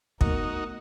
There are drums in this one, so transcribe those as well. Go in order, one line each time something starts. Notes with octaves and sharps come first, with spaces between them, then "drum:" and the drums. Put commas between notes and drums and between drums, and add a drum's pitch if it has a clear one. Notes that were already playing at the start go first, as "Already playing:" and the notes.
A3 B3 D#4 F#4 A#4, drum: kick